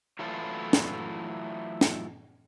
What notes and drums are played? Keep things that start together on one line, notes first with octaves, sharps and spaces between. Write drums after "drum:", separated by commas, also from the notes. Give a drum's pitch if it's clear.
E3 F#3 A3 E4 F4 A4
drum: snare
drum: snare